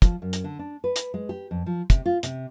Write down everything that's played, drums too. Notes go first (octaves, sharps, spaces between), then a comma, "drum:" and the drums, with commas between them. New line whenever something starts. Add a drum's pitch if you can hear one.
F3, drum: kick, hi-hat
F#2
drum: hi-hat
D3
D4
B4
drum: hi-hat
G#3
G4
F2
F3
C3, drum: kick, hi-hat
F4
C3, drum: hi-hat